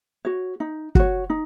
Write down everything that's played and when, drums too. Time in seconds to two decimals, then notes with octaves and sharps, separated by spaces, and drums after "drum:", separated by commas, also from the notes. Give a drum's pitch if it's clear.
0.25 F#4 C#5
0.60 D#4
0.95 F#4 C#5, drum: kick
1.30 D#4